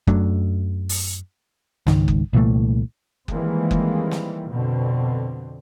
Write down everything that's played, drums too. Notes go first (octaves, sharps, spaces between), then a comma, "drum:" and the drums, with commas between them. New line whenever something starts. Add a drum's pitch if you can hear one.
F#2 F#3 A3 D4, drum: kick F#1
drum: open hi-hat
C#2 G#2 D#3, drum: snare
drum: kick F#1
C2 A#2 E3 A3
D#3 E3 G3 G#3 A#3 C4, drum: kick F#1
drum: kick F#1
drum: snare
F2 B2 D3 C4